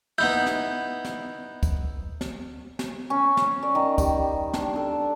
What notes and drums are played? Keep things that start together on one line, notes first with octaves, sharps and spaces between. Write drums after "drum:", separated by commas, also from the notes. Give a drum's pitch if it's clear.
B3 D#4 E4 G6
drum: snare
drum: snare
drum: kick, tambourine
drum: snare
drum: snare
C#4
drum: snare
D5
D#3
G3, drum: kick, tambourine
D4, drum: snare
A4